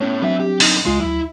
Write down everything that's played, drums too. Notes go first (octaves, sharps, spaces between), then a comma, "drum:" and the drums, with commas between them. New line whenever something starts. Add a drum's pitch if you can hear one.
A2 B3 C#4 C#5
F#3 B3 C4 D4 E5
G4
D3 D#4, drum: open hi-hat
C#2 G#3 F4 C6
D2 F#3 E4